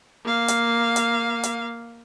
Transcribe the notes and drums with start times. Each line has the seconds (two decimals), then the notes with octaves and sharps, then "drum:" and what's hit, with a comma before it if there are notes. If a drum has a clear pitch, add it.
0.25 A#3 F5
0.48 drum: hi-hat
0.96 drum: hi-hat
1.43 drum: hi-hat